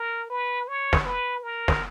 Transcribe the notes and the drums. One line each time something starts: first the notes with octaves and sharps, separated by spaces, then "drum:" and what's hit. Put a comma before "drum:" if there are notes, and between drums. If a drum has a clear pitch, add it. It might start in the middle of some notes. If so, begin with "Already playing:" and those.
Already playing: A#4
B4
C#5
drum: snare
B4
A#4
drum: snare